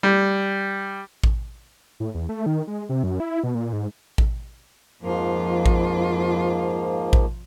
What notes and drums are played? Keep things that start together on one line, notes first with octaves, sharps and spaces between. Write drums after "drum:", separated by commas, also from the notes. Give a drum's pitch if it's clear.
G3
drum: kick A1
A2
E2
A3
D#3
G#3
C3
F#2
E4
B2
A#2
G#2
drum: kick A1
F2 G#2 F3 A#3 F4
drum: kick A1
drum: kick A1